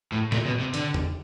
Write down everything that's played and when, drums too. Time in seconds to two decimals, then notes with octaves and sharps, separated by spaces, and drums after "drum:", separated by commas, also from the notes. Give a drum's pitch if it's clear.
0.12 A2
0.32 A#2, drum: snare
0.46 B2
0.59 C3
0.74 D3, drum: hi-hat
0.94 drum: tom E2